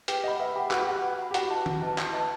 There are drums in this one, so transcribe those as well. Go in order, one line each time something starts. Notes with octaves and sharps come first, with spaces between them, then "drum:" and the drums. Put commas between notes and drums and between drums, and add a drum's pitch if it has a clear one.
G4 B4, drum: hi-hat
D#5 F#5 B5
B4 E5
G4 F#5 B5
F#4 B4, drum: clap
G4
F#4 F#5 B5
B4
F#5 B5
G4
E4 F#4, drum: hi-hat
B4 D#5 A5
E4, drum: tom D#3
B4 D#5 A5
E4, drum: clap
B4 D#5 A5